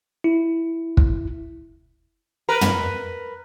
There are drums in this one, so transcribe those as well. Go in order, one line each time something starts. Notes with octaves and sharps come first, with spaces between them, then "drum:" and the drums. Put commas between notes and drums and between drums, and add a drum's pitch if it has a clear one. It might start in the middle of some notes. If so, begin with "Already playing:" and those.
E4
drum: kick
A#4 B4
drum: tom